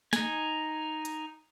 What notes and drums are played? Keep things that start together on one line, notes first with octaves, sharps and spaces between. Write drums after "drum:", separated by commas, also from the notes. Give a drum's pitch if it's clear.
D#4 G#5, drum: snare
drum: hi-hat